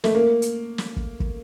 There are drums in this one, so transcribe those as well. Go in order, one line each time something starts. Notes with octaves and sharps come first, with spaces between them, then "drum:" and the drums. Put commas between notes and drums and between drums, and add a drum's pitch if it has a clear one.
A3, drum: snare
A#3
drum: hi-hat
drum: snare
drum: kick
drum: kick